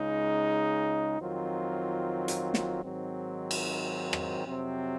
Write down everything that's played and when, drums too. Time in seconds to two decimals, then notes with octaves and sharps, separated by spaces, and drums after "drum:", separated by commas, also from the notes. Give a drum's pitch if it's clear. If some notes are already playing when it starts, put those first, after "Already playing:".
Already playing: C#2 C#3 G#3 D#4
1.21 F2 D#3 F#3 C4 F4
2.28 drum: hi-hat
2.54 drum: snare
2.84 G#2 D#3 F#3 C4
3.51 drum: cymbal
4.13 drum: rim click
4.46 F2 C3 F#3 C4